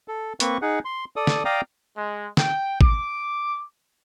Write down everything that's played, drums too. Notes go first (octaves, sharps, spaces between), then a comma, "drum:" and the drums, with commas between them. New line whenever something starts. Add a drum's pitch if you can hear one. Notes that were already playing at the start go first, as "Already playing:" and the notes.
A4
A#3 C4 B4 C#6, drum: hi-hat
D#4 G#4 F#5
C6
A4 D5 D#6
drum: snare
D5 F5 G5 A#5 D6 D#6
G#3
G5, drum: snare
D6, drum: kick G#1